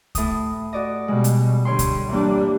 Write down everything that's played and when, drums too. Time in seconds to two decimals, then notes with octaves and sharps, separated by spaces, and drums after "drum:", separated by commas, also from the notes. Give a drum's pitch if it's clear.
0.15 A2 D#6, drum: kick C#2, hi-hat
0.73 F#4 D5 D#5
1.08 B2 G3 G#3
1.24 drum: hi-hat
1.65 D3 G3 C#5 G5 C6
1.79 drum: kick C#2, hi-hat
2.09 E3 G3 A#3 D4 G4